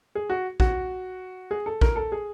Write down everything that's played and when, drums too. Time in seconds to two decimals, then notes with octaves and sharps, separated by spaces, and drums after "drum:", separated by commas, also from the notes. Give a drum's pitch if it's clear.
0.15 G#4
0.30 F#4
0.60 F#4, drum: kick A#1
1.51 G#4
1.66 A4
1.81 A#4, drum: kick A#1
1.96 A4
2.12 G#4